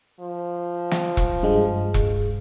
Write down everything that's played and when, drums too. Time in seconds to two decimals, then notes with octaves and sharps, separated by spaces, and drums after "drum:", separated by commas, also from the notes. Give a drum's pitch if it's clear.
0.20 F3
0.91 drum: snare
1.17 drum: kick E1
1.43 G2 G#3
1.94 drum: kick E1